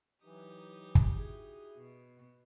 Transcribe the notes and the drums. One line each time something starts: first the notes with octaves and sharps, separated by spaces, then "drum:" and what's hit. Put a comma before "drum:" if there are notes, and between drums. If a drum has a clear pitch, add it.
E3 F#3 D#4 G4 D#6
drum: kick
E4 F#4 G#4
B2